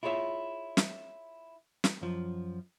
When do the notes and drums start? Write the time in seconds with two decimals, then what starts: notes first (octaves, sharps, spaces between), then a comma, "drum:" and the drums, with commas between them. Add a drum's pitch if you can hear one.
0.03 E4 F4 G#4 C#5 E5
0.77 drum: snare
1.84 drum: snare
2.02 F#2 F3